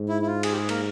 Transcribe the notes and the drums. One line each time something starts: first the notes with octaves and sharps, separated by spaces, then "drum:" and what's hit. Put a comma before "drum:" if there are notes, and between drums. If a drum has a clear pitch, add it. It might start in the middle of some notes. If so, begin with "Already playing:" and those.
Already playing: G#2
E4
E4
F4
G#4, drum: cymbal
G4
G#4
A#3 A#4, drum: cymbal